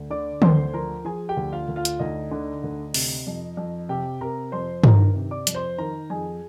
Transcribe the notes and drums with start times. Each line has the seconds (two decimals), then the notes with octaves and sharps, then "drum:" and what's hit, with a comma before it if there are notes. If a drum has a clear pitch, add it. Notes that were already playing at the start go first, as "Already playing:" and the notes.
Already playing: D2
0.10 D3 D5 D6
0.42 D2 C5 C6, drum: tom
0.74 F3 A#4 A#5
1.05 F3 G#4 G#5
1.29 G4 G5
1.37 D2
1.52 F4 F5
1.68 D2
1.76 F4 F5
1.85 drum: hi-hat
1.99 D2 D#4 D#5
2.31 D3
2.64 D2
2.94 C3, drum: open hi-hat
3.27 F2
3.57 F2
3.89 C3 G4 G5
4.21 C3 A#4 A#5
4.52 F2 C5 C6
4.84 D#3 A#4 A#5, drum: tom
5.15 C3
5.31 D5 D6
5.47 F2, drum: hi-hat
5.55 C5 C6
5.78 D#3 A#4 A#5
6.10 F2 G#4 G#5